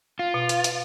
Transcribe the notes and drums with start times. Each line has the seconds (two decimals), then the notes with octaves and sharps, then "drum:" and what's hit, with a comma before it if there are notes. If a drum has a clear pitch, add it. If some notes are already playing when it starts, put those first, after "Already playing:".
0.19 F4
0.34 B2
0.49 drum: hi-hat
0.64 drum: hi-hat